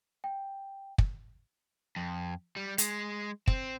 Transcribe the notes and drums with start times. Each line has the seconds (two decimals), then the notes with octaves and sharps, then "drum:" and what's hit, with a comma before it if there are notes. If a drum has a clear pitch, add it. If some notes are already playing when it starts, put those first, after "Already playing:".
0.24 G5
0.98 drum: kick
1.96 F2
2.56 G3
2.78 G#3, drum: hi-hat
3.47 C4, drum: kick